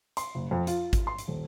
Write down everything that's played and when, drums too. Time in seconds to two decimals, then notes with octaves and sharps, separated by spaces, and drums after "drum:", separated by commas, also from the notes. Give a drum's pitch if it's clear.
0.17 C6, drum: hi-hat
0.35 F#1
0.51 F2
0.67 F4, drum: hi-hat
0.93 drum: kick G#1, hi-hat
1.07 C6
1.18 drum: hi-hat
1.28 D#1